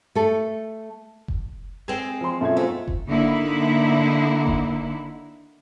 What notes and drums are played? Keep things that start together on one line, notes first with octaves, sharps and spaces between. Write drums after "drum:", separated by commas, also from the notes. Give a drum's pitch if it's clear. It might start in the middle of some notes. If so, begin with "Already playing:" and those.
A3 A4
drum: kick F1
G#3 C4 G#6
F3 C6
F#2 B2 A3 F4 G#6
G#2 A3
drum: kick F1
D3 A#3 D#4 E4
drum: kick F1